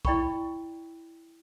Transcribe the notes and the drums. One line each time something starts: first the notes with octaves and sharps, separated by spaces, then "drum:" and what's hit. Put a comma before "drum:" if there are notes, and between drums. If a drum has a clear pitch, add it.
E4 D5 G5 B5 C#6, drum: kick B1